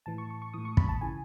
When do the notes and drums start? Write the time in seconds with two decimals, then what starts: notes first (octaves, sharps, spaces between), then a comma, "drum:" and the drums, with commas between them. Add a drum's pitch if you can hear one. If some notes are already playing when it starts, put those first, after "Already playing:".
0.06 A2 E3 A5
0.18 C#6
0.30 C#6
0.42 C#6
0.54 A2 E3 D#6
0.65 C#6
0.77 B5, drum: kick
0.89 A5
1.01 C#3 E3 G#5